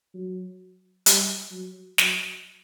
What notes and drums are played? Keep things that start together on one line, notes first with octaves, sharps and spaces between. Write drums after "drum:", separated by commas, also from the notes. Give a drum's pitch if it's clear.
F#3
G3, drum: hi-hat
F#3
F#3, drum: snare